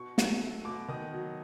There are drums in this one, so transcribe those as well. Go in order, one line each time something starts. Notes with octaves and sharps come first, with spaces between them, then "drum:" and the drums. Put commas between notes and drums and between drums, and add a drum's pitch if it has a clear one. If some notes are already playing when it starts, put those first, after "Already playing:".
Already playing: B2 C#6
F#3, drum: snare
A3
B2 D6
D#3 D#6
F#3